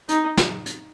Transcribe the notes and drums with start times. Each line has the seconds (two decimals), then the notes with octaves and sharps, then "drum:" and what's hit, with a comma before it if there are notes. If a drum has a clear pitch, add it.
0.09 D#4, drum: hi-hat
0.37 drum: snare
0.66 drum: hi-hat